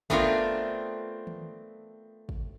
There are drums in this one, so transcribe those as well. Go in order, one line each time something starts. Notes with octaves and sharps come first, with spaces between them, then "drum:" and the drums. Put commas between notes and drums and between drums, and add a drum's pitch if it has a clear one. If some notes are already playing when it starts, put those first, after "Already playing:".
A3 B3 C4 D4 F4 A#4, drum: kick
drum: tom D#3
drum: kick